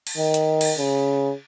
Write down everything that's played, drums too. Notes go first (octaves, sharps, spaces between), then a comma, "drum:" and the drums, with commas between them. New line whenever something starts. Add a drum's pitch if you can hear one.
drum: cymbal
D#3
drum: hi-hat
drum: cymbal
C#3